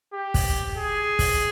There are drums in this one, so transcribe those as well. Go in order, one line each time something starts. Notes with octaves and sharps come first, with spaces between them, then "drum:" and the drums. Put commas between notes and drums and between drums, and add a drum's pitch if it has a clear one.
G4
drum: kick, open hi-hat
G#4
drum: kick, open hi-hat